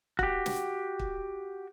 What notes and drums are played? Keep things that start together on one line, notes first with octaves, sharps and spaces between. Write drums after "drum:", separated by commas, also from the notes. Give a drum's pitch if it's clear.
F#4 G4, drum: kick
drum: snare
drum: kick